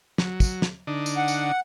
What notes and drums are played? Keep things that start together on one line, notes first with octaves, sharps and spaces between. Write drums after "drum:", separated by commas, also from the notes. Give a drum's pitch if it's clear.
F#3, drum: snare
drum: kick, tambourine
drum: snare
D3 D4 D#4
drum: tambourine
F#5
drum: tambourine